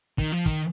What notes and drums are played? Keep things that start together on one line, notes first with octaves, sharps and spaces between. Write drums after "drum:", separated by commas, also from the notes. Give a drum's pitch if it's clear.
D#3, drum: kick
F3
D#3, drum: kick